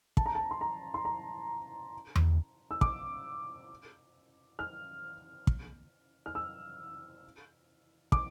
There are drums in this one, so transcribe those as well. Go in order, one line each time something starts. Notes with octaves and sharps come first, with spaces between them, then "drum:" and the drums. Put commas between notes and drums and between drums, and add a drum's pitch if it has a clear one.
A5, drum: kick
A#5
A5
C6
A#5
C6
A#5
drum: tom E2
E6
D6, drum: kick
F6
drum: kick
F6
E6
D6, drum: kick